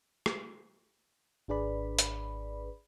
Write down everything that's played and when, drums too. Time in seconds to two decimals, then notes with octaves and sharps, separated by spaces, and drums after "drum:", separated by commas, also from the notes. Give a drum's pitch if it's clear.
0.26 drum: rim click
1.48 G#1 D4 G#4 B4 D5 B5
1.99 drum: hi-hat